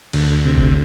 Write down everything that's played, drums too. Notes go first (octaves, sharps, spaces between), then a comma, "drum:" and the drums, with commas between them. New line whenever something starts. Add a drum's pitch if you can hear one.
D2, drum: cymbal
C3
drum: kick F#1